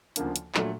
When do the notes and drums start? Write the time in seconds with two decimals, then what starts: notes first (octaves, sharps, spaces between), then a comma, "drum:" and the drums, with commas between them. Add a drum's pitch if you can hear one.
0.16 D2 C#3 F3 A#3 D4, drum: hi-hat
0.36 drum: hi-hat
0.55 A#2 F#3 A3 D4, drum: clap